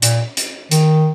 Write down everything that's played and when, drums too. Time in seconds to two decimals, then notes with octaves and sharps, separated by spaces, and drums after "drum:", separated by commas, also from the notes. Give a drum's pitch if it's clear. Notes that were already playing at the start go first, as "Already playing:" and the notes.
0.02 A#2, drum: hi-hat
0.37 drum: hi-hat
0.71 D#3, drum: hi-hat